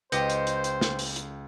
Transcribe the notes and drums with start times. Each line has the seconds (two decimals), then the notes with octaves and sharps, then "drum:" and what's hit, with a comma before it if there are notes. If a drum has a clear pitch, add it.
0.12 C#2 G4 B4 C5 D#5 G5 G6 C#7, drum: hi-hat
0.30 drum: hi-hat
0.47 drum: hi-hat
0.64 drum: hi-hat
0.81 drum: snare
0.99 drum: open hi-hat
1.16 drum: hi-hat